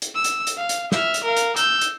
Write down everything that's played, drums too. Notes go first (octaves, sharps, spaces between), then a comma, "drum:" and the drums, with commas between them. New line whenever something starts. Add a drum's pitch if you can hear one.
drum: hi-hat
E6
drum: hi-hat
drum: hi-hat
F5
drum: hi-hat
E5 F6, drum: snare
drum: hi-hat
A#4 F5
drum: hi-hat
E6 G6, drum: hi-hat
drum: hi-hat